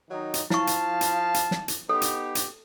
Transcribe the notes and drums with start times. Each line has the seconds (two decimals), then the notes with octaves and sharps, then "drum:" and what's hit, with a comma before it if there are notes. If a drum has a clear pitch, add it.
0.10 D#3 F#3 D#4
0.34 drum: hi-hat
0.50 F3 E4 F5 A5 C#6, drum: snare
0.67 drum: hi-hat
1.01 drum: hi-hat
1.34 drum: hi-hat
1.51 drum: snare
1.68 drum: hi-hat
1.89 B3 D#4 G4 A4
2.02 drum: hi-hat
2.35 drum: hi-hat